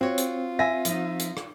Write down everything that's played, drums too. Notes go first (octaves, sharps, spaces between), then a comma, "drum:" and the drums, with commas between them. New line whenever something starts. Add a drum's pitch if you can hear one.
C4 F4 F#4 C#5
drum: hi-hat
E5 G#5 A#6
F3 D#4, drum: hi-hat
drum: hi-hat
drum: rim click